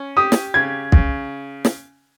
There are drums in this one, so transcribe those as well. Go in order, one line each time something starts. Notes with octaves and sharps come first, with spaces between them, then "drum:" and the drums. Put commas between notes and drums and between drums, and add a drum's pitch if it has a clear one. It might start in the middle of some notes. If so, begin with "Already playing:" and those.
Already playing: C#4
G4 D#6
drum: snare
C#3 G#6
C#3, drum: kick
drum: snare